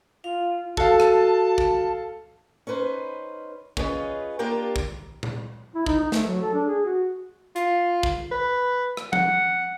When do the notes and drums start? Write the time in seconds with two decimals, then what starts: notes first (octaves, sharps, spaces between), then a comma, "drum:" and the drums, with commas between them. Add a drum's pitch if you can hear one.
0.24 F4 F5
0.77 F#4 A4 F5 A5, drum: kick
1.00 drum: rim click
1.58 drum: kick
2.67 C#4 D#4 B4 C5
3.77 C#4 F4 G#4 B4 C#5 D#5, drum: kick
4.39 A#3 D4 F4 G4 A#4 G5
4.76 drum: kick
5.23 drum: tom A#2
5.75 E4
5.86 D#4, drum: kick
6.00 D#4
6.12 A3, drum: snare
6.27 F#3
6.41 A4
6.54 D4
6.68 G#4
6.85 F#4
7.56 F4, drum: hi-hat
8.03 drum: kick
8.32 B4
8.97 drum: rim click
9.13 F#5, drum: tom F3